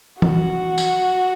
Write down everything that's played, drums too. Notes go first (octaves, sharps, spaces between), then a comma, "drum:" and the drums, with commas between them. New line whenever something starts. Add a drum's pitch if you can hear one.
F#4, drum: tom E3
drum: tambourine